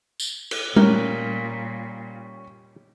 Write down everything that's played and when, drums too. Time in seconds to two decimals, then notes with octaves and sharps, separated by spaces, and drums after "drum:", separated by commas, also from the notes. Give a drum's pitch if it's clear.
0.20 drum: tambourine
0.51 drum: cymbal
0.76 A#2 G3 C#4 A#4, drum: tom G3